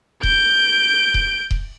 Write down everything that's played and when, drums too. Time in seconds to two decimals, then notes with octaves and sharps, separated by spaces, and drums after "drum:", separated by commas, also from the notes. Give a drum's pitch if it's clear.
0.23 G6 D7, drum: kick D#1
1.14 drum: kick D#1
1.51 drum: kick D#1